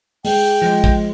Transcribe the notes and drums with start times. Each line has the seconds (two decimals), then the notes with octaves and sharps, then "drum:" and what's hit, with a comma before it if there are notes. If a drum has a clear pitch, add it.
0.25 G#3 G5, drum: open hi-hat
0.62 F3 G#3
0.84 drum: kick A1